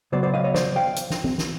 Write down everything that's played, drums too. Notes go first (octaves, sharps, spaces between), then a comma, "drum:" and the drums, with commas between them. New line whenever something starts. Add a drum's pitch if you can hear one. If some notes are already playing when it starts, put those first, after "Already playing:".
C#3 F#3 B3 C5 D5
C5 D5
D#5 F5
C#5 D#5
C5 D5, drum: snare
F5 G5
drum: hi-hat
drum: snare
drum: tom E3
drum: snare